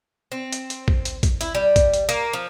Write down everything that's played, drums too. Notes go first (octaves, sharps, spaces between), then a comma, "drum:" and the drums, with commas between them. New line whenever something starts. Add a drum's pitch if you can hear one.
C4
drum: hi-hat
drum: hi-hat
drum: kick
drum: hi-hat
drum: kick, hi-hat
E4, drum: hi-hat
G3
drum: kick, hi-hat
drum: hi-hat
A#3, drum: hi-hat
F3